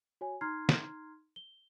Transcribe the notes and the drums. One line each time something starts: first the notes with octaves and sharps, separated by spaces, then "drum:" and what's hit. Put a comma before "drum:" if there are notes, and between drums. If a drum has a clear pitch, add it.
F#4 C#5 G#5
D#4 A#5 C6 F6 G#6 C7
drum: snare
G7